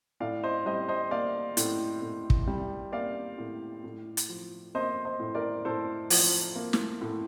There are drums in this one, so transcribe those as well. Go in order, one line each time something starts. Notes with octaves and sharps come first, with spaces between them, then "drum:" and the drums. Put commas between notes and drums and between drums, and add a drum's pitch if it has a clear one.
A2 D5 F5
C5 D#5
G3 C5 D#5
C5 D#5
A#3 D5 F5
A2, drum: hi-hat
A2
drum: kick
G3
A#3 D5 F5
A2
A2
drum: hi-hat
F3
A#3 C5 D#5
C5 D#5
A2
A#4 D5
A2 A4 C5
F3, drum: open hi-hat
A#3
drum: snare
A2